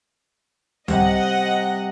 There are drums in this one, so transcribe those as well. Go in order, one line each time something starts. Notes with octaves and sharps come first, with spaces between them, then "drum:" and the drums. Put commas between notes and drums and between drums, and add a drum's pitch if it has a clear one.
C3 G3 C5 D#5 F#5, drum: tom C#2